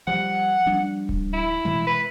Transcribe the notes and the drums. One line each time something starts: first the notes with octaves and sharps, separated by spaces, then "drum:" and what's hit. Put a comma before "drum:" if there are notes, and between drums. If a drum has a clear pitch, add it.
F3 G3 F#5
F3 G3 D4
drum: kick D1
E4
B2 E3 G#3
B4